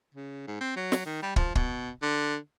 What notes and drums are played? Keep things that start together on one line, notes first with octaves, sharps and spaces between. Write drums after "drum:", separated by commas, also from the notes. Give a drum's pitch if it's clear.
C#3
G#2
C4
F#3
drum: snare
D#3
G3
F3, drum: kick
B2, drum: kick
D3